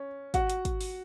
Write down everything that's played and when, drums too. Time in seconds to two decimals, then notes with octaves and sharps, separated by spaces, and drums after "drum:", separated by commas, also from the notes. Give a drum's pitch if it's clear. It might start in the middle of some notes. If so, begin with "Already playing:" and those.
Already playing: C#4
0.34 F#4 F#5, drum: kick, hi-hat
0.50 drum: hi-hat
0.65 drum: kick, hi-hat
0.81 drum: open hi-hat